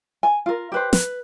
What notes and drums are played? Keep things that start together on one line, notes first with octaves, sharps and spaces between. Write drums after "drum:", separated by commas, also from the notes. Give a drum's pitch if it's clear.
G#5
F4 A#4
G4 B4 C5
B4, drum: snare